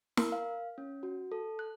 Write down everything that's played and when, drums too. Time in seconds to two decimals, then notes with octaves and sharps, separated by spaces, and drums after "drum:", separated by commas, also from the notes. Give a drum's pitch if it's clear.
0.17 A#4, drum: snare
0.32 F5
0.78 C#4
1.03 F#4
1.32 A4
1.59 F#6